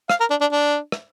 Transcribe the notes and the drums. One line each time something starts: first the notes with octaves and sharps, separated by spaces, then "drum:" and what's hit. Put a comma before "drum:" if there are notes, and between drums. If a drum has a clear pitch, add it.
F5, drum: rim click
A#4
D4
D4
D4
drum: rim click